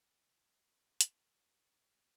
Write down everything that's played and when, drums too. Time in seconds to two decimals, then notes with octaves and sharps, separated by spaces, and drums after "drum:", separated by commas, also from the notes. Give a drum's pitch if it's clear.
0.19 B3 C#4 F#4 C6
1.01 drum: hi-hat